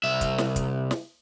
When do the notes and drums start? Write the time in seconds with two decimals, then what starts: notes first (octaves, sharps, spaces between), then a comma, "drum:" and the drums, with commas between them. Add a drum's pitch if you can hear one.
0.03 C2 E5
0.21 drum: kick, hi-hat
0.38 drum: snare
0.56 drum: kick, hi-hat
0.91 drum: snare